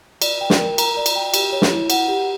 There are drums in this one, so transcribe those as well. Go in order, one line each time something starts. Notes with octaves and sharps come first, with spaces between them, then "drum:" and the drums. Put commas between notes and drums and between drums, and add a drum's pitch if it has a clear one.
D5, drum: cymbal
G5
drum: snare
A#4
A#5, drum: cymbal
D5
drum: cymbal
G5
G4, drum: cymbal
C#5
drum: snare
E4
F#5, drum: cymbal
G4